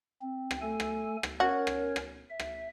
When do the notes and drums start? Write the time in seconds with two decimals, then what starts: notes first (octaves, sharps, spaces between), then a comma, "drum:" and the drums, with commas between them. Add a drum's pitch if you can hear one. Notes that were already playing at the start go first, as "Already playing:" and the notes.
0.22 C4
0.51 drum: rim click
0.62 A3 A4 G#5
0.80 drum: rim click
1.23 drum: rim click
1.40 C#4 F#4 A#4 C#5
1.67 drum: rim click
1.96 drum: rim click
2.30 E5
2.40 drum: rim click